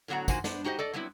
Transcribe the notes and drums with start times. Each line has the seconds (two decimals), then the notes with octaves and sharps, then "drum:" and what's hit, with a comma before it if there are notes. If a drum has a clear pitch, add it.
0.08 A2 D3 F#3 B3 F#4 A#5
0.28 A#2 D#3 F#4 C5 G#5, drum: kick, tambourine
0.44 B3 D4 C5, drum: snare
0.65 D#4 F#4 G4 C5 D#5
0.79 A4 D5 D#5
0.94 F#3 G3 B3 C4 E4